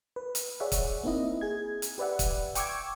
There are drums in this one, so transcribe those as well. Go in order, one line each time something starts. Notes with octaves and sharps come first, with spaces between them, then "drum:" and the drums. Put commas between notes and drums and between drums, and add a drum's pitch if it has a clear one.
B4
drum: hi-hat
G#4 C#5 D5 E5 F#5
drum: kick, hi-hat
A#3 C4 D#4 E4 D#5
G#4 G#6
drum: hi-hat
G4 B4 D5 E5 F#5
drum: kick, hi-hat
G5 C#6 D6 E6 G#6, drum: hi-hat